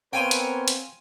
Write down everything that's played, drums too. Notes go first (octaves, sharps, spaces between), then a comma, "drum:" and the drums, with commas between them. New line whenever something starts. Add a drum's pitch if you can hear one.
B3 C4 A#4 C#5 F5 G5 G#5 C6
drum: hi-hat
drum: hi-hat